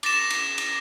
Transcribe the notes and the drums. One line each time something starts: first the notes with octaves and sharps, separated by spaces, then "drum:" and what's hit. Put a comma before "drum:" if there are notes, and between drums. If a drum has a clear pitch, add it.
D6 A6 A#6 E7, drum: cymbal
drum: cymbal
drum: cymbal